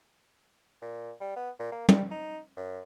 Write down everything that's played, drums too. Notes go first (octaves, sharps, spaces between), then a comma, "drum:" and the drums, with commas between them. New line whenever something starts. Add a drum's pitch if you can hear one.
A#2
G3
B3
A#2
A#3
G3, drum: tom
D#4
F#2